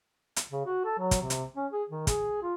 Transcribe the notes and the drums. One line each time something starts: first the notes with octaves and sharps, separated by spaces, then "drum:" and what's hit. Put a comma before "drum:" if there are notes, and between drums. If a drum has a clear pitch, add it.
drum: hi-hat
C#3
F#4
A4
F#3
drum: kick, hi-hat
C3
drum: hi-hat
C#4
G#4
D#3
G#4, drum: kick, hi-hat
F4